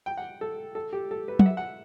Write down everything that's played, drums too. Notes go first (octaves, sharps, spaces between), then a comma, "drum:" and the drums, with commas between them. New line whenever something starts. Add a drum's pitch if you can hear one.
G5
F#5
A4
A4
G4
A4
B4
F#5, drum: tom
E5
F#5